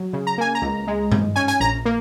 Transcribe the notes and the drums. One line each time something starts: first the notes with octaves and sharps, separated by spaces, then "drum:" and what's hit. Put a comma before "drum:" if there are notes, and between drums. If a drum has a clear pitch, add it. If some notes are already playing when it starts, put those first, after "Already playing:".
Already playing: F#3
C#3
A#5
A#3 G#5
A#5
C#2
G#3
G#2, drum: tom G2
C#4 G#5
G#5, drum: hi-hat
A#1 A#5
A#3